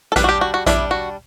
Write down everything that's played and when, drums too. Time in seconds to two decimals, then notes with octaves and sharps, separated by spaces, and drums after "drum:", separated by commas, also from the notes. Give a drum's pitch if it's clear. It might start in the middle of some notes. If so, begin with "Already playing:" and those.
0.12 A4
0.16 G3 D4 B4, drum: kick A#1, hi-hat
0.24 F#4
0.29 G4
0.41 F#4
0.54 F#4
0.66 G3 D4 E4, drum: kick A#1, hi-hat
0.91 F#4